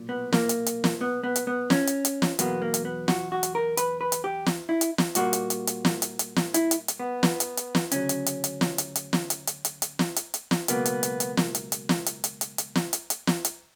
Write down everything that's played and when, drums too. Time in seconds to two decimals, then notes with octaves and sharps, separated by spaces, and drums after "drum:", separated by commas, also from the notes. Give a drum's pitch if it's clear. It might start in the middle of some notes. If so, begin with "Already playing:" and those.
Already playing: B1 A#2
0.09 B3
0.33 A#3, drum: snare
0.49 drum: hi-hat
0.66 drum: hi-hat
0.84 drum: snare
1.01 B3
1.24 B3
1.36 drum: hi-hat
1.47 B3
1.70 C#4, drum: snare
1.87 drum: hi-hat
2.05 drum: hi-hat
2.22 drum: snare
2.39 E2 B2 F#3 A#3 B3, drum: hi-hat
2.62 A#3
2.74 drum: hi-hat
2.85 B3
3.08 F#4, drum: snare
3.32 F#4
3.43 drum: hi-hat
3.55 A#4
3.77 B4, drum: hi-hat
4.01 B4
4.12 drum: hi-hat
4.24 G4
4.46 drum: snare
4.69 E4
4.81 drum: hi-hat
4.98 drum: snare
5.15 A#2 G3 A#3 F#4, drum: hi-hat
5.33 drum: hi-hat
5.50 drum: hi-hat
5.67 drum: hi-hat
5.85 drum: snare
6.02 drum: hi-hat
6.19 drum: hi-hat
6.36 drum: snare
6.54 E4, drum: hi-hat
6.71 drum: hi-hat
6.88 drum: hi-hat
7.00 B3
7.23 drum: snare
7.40 drum: hi-hat
7.57 drum: hi-hat
7.75 drum: snare
7.92 D2 C#3 F#3 C#4, drum: hi-hat
8.09 drum: hi-hat
8.26 drum: hi-hat
8.44 drum: hi-hat
8.61 drum: snare
8.78 drum: hi-hat
8.96 drum: hi-hat
9.13 drum: snare
9.30 drum: hi-hat
9.47 drum: hi-hat
9.65 drum: hi-hat
9.82 drum: hi-hat
9.99 drum: snare
10.16 drum: hi-hat
10.34 drum: hi-hat
10.51 drum: snare
10.68 C#2 B2 F#3 A#3 B3, drum: hi-hat
10.85 drum: hi-hat
11.03 drum: hi-hat
11.20 drum: hi-hat
11.37 drum: snare
11.55 drum: hi-hat
11.72 drum: hi-hat
11.89 drum: snare
12.06 drum: hi-hat
12.24 drum: hi-hat
12.41 drum: hi-hat
12.58 drum: hi-hat
12.75 drum: snare
12.93 drum: hi-hat
13.10 drum: hi-hat
13.27 drum: snare
13.45 drum: hi-hat